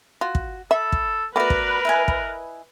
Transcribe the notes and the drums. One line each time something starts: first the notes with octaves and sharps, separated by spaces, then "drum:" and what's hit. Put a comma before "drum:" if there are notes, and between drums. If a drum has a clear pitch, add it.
F4 F#4
drum: kick
A4 E5 B5
drum: kick
A3 B3 F#4 A#4 B4 D5
drum: kick
E4 D#5 G#5
drum: kick